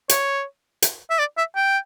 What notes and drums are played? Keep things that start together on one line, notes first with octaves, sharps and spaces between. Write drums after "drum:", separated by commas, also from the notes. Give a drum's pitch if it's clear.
C#5, drum: hi-hat
drum: hi-hat
E5
D5
E5
G5